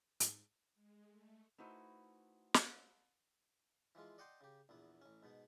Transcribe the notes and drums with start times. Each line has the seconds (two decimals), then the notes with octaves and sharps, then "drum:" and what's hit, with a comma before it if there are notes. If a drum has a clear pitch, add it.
0.20 G#2, drum: hi-hat
0.75 G#3
1.08 A3
1.58 A3 D#4 E4 F#4 B4 C5
2.54 drum: snare
3.95 E3 F3 G#3 F4
4.18 D5 D#5 F#5 G5 A5 C6
4.41 C#3 G4
4.69 A#1 E2 B3
5.01 A1 C#4
5.23 G#2 B2 B3